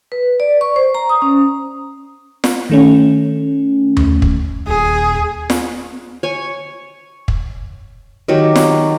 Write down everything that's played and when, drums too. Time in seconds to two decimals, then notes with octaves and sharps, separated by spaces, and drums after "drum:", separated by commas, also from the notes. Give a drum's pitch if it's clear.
0.12 B4
0.40 D5
0.61 C#6
0.76 C5
0.95 A#5
1.09 D#6
1.22 C#4
2.44 drum: snare
2.70 D#3 A3 C#4
3.97 drum: tom D#2
4.22 drum: kick
4.67 D#1 G#4
5.50 drum: snare
6.23 C#5 G#5
7.28 drum: kick
8.28 D#3 F#3 G4
8.56 drum: snare